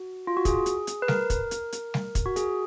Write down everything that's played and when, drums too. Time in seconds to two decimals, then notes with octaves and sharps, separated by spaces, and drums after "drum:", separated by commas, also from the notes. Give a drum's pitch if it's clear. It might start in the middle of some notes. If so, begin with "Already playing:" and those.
Already playing: F#4
0.27 F4
0.37 F#4
0.45 G#4, drum: kick, hi-hat
0.66 drum: hi-hat
0.87 drum: hi-hat
1.02 B4
1.08 A#4, drum: snare G3
1.30 drum: kick, hi-hat
1.51 drum: hi-hat
1.72 drum: hi-hat
1.94 drum: snare G3
2.15 drum: kick, hi-hat
2.26 F#4
2.36 G#4, drum: hi-hat